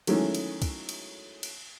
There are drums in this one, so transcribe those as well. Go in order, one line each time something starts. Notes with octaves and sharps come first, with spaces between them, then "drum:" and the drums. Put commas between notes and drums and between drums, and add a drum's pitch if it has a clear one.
D#3 E3 F#3 G#3 A3 C#4, drum: cymbal
drum: cymbal
drum: kick, cymbal
drum: cymbal
drum: cymbal